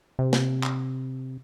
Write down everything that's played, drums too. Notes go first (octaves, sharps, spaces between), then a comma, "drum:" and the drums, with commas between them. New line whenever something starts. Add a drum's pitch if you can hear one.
C3
drum: snare
drum: clap